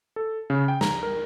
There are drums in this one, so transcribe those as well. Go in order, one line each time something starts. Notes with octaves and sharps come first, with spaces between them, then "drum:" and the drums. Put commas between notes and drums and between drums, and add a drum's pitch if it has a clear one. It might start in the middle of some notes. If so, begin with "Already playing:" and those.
A4
C#3
G5
A#5, drum: snare
A#4